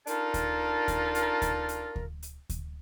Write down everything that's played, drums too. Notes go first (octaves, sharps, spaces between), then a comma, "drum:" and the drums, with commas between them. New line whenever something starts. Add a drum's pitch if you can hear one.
D4 D#4 F4 A4 A#4, drum: hi-hat
drum: kick D2, hi-hat
drum: kick D2, hi-hat
drum: hi-hat
drum: kick D2, hi-hat
drum: hi-hat
drum: kick D2
drum: hi-hat
drum: kick D2, hi-hat